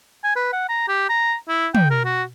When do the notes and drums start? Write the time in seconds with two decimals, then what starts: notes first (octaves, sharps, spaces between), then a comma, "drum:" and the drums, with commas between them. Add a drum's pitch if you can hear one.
0.24 G#5
0.36 B4
0.53 F#5
0.69 A#5
0.88 G4
1.09 A#5
1.49 E4
1.75 G5, drum: tom
1.90 A#4
2.05 F#4